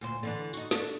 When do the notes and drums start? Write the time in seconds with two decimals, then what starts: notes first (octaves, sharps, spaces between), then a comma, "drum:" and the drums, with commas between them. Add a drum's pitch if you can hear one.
0.01 D2 A#2 C5
0.23 D3 E3 D4
0.53 D#4 F#4, drum: tambourine
0.71 D4 A4, drum: snare